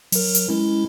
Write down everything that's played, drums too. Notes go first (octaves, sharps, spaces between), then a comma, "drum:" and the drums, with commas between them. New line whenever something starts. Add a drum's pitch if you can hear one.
F#3 A#4, drum: open hi-hat
drum: hi-hat
G#3 C#4 E4